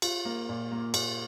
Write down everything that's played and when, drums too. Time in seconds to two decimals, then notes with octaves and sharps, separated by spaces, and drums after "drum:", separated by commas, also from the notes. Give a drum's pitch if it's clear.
0.02 F4, drum: cymbal
0.25 A#3
0.49 A#2
0.72 A#3
0.94 A#2, drum: cymbal